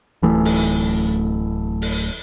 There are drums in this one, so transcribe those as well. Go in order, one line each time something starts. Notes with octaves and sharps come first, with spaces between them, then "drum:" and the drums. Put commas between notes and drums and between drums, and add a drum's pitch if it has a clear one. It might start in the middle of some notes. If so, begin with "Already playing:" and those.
D1 E3 A3
drum: open hi-hat
drum: open hi-hat